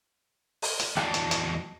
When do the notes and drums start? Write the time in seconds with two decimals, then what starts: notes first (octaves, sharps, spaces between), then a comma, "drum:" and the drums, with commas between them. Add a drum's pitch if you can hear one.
0.62 drum: open hi-hat
0.79 drum: hi-hat
0.97 E2 F#3 D5 D#5 A5, drum: rim click
1.14 drum: hi-hat
1.31 drum: hi-hat